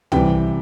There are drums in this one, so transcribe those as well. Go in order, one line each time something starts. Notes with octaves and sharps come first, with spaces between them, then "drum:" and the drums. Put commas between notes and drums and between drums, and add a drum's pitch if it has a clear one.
C3 E3 G3 G5, drum: tom